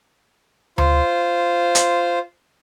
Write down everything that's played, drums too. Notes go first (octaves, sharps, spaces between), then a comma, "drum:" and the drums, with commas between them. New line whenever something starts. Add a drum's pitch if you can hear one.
F4 C5, drum: tom D2
drum: hi-hat